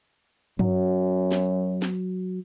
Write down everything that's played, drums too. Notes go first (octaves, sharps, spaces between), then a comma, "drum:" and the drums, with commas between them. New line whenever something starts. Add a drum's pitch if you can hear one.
F#2 F#3, drum: tom F#2
drum: snare
drum: snare